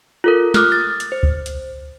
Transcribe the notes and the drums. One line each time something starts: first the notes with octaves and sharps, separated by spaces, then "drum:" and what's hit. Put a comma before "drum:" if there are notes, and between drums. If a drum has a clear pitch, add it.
F4 A4 A#4
D6 D#6 F6 F#6, drum: snare
A6
drum: hi-hat
C5
drum: kick C#2
drum: hi-hat